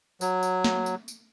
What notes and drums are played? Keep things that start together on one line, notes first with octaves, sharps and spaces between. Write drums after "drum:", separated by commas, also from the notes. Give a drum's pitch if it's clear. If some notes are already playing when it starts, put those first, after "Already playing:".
F#3, drum: tambourine
drum: tambourine
drum: snare
drum: tambourine
drum: tambourine